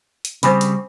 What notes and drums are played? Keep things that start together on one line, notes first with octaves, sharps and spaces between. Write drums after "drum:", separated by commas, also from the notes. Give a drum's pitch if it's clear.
drum: hi-hat
C#3 G3 C4 C5 G#5 B5, drum: hi-hat
drum: hi-hat